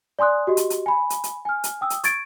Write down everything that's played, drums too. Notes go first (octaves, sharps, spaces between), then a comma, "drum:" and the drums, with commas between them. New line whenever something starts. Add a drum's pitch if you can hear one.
D5 G#5 C6 D#6 F#6
F#4 G4 D#5
drum: hi-hat
drum: hi-hat
G#5 B5
drum: hi-hat
drum: hi-hat
G#5 F6
drum: hi-hat
G5 D#6 E6
drum: hi-hat
C#6 G#6 A6 D7, drum: hi-hat